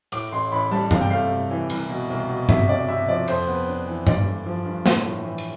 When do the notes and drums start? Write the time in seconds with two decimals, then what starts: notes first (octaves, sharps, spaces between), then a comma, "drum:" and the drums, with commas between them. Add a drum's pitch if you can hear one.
0.12 A2 D6, drum: cymbal
0.32 A1 C6
0.52 A1 B5
0.71 G3 A5
0.91 C3 F5, drum: tom G2
1.01 G5
1.10 A3 F5
1.31 C3
1.51 E3
1.70 C2, drum: cymbal
1.90 B2
2.10 C2
2.29 B2
2.49 C3 E5, drum: tom G2
2.68 D2 D5
2.88 C3 E5
3.08 F3 D5
3.28 F2 C5, drum: cymbal
3.47 B3
3.68 D4
3.87 E3
4.07 G2 D5, drum: tom G2
4.27 D3
4.46 F3
4.66 G2
4.86 A2, drum: snare
5.05 A2
5.25 E3
5.38 drum: cymbal